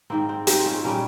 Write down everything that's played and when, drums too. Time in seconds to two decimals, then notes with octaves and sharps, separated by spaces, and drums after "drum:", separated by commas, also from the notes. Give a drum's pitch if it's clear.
0.10 G#2 D#3 A#3 C4
0.29 C4
0.47 C4 D#4, drum: hi-hat
0.66 C#4 F4
0.84 A#2 G3 A#3 C#4 F4